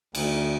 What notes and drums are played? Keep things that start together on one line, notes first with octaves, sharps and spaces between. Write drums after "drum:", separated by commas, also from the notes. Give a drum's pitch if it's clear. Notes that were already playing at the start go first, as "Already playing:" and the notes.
D2, drum: cymbal